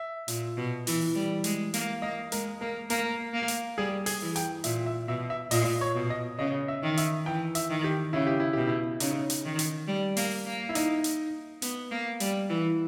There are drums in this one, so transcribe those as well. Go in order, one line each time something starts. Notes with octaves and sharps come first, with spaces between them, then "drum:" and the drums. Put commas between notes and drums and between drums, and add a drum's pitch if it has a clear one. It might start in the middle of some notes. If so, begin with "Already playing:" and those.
Already playing: E5
A#2, drum: hi-hat
B2
E3, drum: open hi-hat
G3
G#3, drum: hi-hat
A#3, drum: hi-hat
A#3 D#5
G#3 A#4, drum: hi-hat
A#3 A#4
A#3 A#4, drum: hi-hat
A#3
drum: hi-hat
G3 G#4
G#4, drum: open hi-hat
E3
G5, drum: hi-hat
A#2 E5, drum: hi-hat
E5
B2 E5
E5
A#2 D#5, drum: open hi-hat
C#5
B2
D#5
C#3 D#5
E5
D#3
E5, drum: hi-hat
E3 G5
E5, drum: hi-hat
D#3
G4
C#3 E4
G4
E4
B2 G4
E4
C#3 D#4, drum: hi-hat
drum: hi-hat
D#3
drum: hi-hat
G3
A#3, drum: open hi-hat
A#3
E4
D#4, drum: hi-hat
drum: hi-hat
B3, drum: hi-hat
A#3
G3, drum: hi-hat
E3